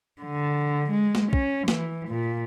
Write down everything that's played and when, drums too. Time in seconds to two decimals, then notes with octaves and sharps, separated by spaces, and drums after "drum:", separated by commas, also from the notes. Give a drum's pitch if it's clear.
0.22 D3
0.91 G#3
1.15 drum: snare
1.33 C#4, drum: kick
1.68 E3, drum: snare
2.09 A#2